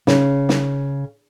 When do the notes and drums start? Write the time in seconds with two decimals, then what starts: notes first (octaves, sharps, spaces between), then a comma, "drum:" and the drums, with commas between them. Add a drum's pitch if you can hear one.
0.07 C#3, drum: snare
0.49 drum: snare